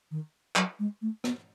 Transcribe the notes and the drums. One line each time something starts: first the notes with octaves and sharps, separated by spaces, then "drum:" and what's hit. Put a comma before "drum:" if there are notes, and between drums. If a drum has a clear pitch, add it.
D#3
F#3, drum: clap
G#3
A3
B3, drum: rim click